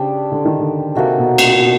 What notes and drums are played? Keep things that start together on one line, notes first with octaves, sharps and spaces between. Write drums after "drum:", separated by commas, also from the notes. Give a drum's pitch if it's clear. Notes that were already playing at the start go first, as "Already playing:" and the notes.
Already playing: C#3 D4 G4 C5
D3
D#3
D3
C3 A#3 D#4 F#4 A4
B2
A#2, drum: cymbal
A#2
B2